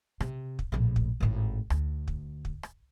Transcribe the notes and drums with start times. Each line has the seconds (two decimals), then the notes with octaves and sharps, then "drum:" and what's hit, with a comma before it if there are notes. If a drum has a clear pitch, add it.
0.20 C3, drum: rim click
0.59 drum: kick
0.72 A#1 A2
0.96 drum: kick
1.20 G#1 A2
1.70 D2, drum: rim click
2.08 drum: kick
2.45 drum: kick
2.63 drum: rim click